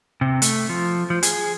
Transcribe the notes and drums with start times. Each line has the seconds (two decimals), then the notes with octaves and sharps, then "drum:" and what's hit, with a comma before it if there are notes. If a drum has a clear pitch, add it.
0.21 C3
0.42 A3, drum: hi-hat
0.69 F3
1.10 F3
1.23 G#4, drum: hi-hat